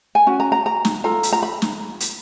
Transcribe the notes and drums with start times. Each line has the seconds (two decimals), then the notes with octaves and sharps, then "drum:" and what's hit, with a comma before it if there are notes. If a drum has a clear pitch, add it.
0.15 G#5
0.27 C#4 F#4
0.40 A#5
0.52 A#5
0.66 A#5
0.85 drum: snare
1.04 F4 A4 A#5
1.23 drum: hi-hat
1.32 A#5
1.43 B5
1.62 drum: snare
2.00 drum: hi-hat